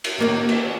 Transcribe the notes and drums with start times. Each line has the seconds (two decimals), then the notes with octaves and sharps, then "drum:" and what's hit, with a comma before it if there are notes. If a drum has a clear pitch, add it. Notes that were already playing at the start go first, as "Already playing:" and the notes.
0.04 drum: cymbal
0.18 D#3 A#3 D#4
0.49 drum: cymbal